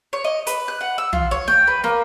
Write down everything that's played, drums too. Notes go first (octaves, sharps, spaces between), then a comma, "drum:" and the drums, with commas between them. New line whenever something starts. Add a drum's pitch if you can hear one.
C#5
D#5
B4, drum: hi-hat
F#6
F#5
E6
F4, drum: tom
C#5
G5, drum: snare
B4
A#3, drum: snare